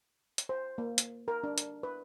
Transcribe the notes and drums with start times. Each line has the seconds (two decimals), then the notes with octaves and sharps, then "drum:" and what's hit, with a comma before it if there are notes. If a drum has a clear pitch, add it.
0.38 drum: hi-hat
0.49 C5
0.78 A#3
0.98 drum: hi-hat
1.28 A#4
1.44 D4
1.58 drum: hi-hat
1.83 B4